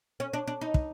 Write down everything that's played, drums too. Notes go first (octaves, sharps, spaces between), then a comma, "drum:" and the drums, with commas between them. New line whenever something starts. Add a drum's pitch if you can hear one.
C#4
D4
D4
D#4
drum: kick